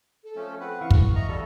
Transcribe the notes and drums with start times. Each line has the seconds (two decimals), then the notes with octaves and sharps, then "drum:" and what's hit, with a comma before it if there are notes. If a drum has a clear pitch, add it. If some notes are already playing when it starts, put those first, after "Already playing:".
0.24 A4
0.36 F3 A3 C#4
0.60 C4 B4 F#5
0.81 E3 F5 C#6
0.91 drum: kick
1.15 D#5 E5 A#5 C#6
1.28 B2 G3 A4